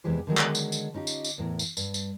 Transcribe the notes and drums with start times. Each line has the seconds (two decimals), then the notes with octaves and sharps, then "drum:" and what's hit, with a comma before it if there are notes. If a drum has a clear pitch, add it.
0.04 E2 C3 E3 G#3 G4 C5
0.27 D3 D#3 F#3 G#3
0.37 drum: clap
0.55 drum: tambourine
0.72 drum: tambourine
0.94 C#4 D#4 F4 G4
1.07 drum: tambourine
1.24 drum: tambourine
1.38 E2 A2 A#4
1.59 drum: tambourine
1.77 G2, drum: tambourine
1.94 drum: tambourine